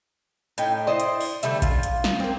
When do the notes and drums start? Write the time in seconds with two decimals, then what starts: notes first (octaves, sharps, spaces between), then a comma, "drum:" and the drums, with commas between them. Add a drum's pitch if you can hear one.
0.58 A2 D#4 G5, drum: hi-hat
0.87 E4 C5 D5 D#5
1.00 drum: hi-hat
1.20 drum: open hi-hat
1.43 D3 G3 A3 E5, drum: hi-hat
1.62 F4, drum: kick A#1, hi-hat
1.83 drum: hi-hat
2.04 drum: snare
2.20 A#3 C4